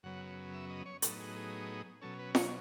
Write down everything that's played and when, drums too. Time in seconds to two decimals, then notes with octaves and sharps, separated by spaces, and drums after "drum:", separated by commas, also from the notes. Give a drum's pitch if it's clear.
0.03 F#2 C#3 F#3 B3 F#5
0.54 E5
0.70 D#5
0.86 C#5
1.02 A2 F#3 B3 D#4 A4, drum: hi-hat
1.20 G#4
1.36 G#4
2.01 B2 F#3 C#4 A4
2.19 B4
2.35 C#5, drum: snare